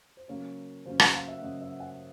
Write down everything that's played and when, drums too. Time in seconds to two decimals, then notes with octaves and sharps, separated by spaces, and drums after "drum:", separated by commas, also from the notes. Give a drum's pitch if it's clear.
0.17 C5
0.28 C#3 F#3 A#3 C#4 C#5
0.85 C#3 F#3 A#3 C#4 C5
1.00 F#5, drum: rim click
1.14 F5
1.28 E5
1.42 C#3 F#3 A#3 C#4 D#5
1.62 E5
1.80 F#5